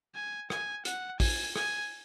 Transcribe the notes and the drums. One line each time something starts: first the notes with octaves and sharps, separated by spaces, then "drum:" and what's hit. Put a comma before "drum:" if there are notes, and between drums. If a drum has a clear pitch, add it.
G#5
G#5, drum: rim click
F#5, drum: hi-hat
G#5, drum: kick, open hi-hat
G#5, drum: rim click